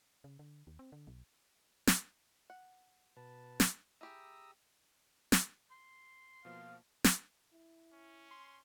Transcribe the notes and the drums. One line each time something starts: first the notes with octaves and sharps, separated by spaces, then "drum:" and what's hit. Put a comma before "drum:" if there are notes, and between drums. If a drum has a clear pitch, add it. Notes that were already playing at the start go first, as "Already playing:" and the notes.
C#3
D3
D#2
C4
D3
B1
drum: snare
F#5
B2 B4 A5
drum: snare
E4 G4 G#4 A#5 D#6 E6
drum: snare
C6
B2 F3 A#3 F5
drum: snare
E4
C#4
C6